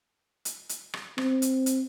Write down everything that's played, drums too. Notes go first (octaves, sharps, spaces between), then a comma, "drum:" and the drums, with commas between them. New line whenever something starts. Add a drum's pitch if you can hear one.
drum: hi-hat
drum: hi-hat
drum: rim click
C4, drum: rim click
drum: hi-hat
drum: hi-hat